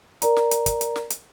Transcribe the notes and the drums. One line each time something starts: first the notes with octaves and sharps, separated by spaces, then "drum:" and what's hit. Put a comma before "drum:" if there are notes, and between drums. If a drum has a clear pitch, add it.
A#4 D5 A#5, drum: hi-hat
drum: snare
drum: hi-hat
drum: kick, hi-hat
drum: hi-hat
drum: snare
drum: hi-hat